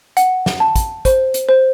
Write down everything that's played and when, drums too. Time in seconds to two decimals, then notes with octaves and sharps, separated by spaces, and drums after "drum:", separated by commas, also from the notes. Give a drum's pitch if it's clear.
0.17 F#5, drum: hi-hat
0.46 drum: snare
0.60 A5
0.76 drum: kick, hi-hat
1.05 C5, drum: kick, hi-hat
1.34 drum: hi-hat
1.49 C5